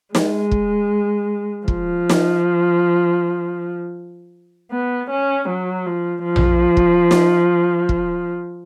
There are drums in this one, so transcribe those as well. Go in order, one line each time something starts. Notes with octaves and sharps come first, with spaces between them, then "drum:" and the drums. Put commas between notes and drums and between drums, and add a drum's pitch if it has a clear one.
G#3, drum: snare
drum: kick
F3, drum: kick
drum: snare
B3
C#4
F#3
F3
F3
drum: tom A#1
drum: kick
drum: snare
drum: kick